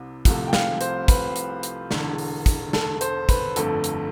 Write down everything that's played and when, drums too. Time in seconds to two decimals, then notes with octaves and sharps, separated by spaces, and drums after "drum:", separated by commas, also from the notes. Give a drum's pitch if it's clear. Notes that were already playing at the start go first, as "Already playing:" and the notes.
Already playing: C2 C3
0.25 C2 C3 F3 A3, drum: kick, hi-hat
0.48 G5
0.53 F5, drum: snare
0.81 C5, drum: hi-hat
1.08 B4, drum: kick, hi-hat
1.36 drum: hi-hat
1.63 drum: hi-hat
1.91 E1 E2 D3, drum: snare
2.18 drum: open hi-hat
2.46 drum: kick, hi-hat
2.73 A4, drum: snare
3.01 C5, drum: hi-hat
3.29 B4, drum: kick, hi-hat
3.56 G1 F2 D3 A3 A4, drum: hi-hat
3.84 drum: hi-hat